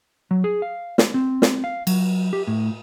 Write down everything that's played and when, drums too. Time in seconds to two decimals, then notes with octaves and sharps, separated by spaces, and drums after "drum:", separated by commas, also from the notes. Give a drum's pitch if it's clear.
0.31 F#3
0.44 G#4
0.62 F5
0.98 drum: snare
1.14 C4
1.42 drum: snare
1.64 F5
1.87 F#3, drum: cymbal
2.33 G4
2.47 A2